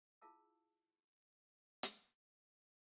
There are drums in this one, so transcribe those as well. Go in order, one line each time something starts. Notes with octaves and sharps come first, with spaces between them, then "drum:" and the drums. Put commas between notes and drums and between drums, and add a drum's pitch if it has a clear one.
E4 F4 G#4 F5 A5 E6
drum: hi-hat